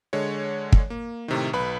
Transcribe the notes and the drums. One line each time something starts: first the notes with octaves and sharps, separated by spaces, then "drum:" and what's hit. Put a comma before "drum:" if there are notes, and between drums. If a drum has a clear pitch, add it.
D3 G#3 C#5
drum: kick
A#3
A2 C3 D#3
B1 B4 B5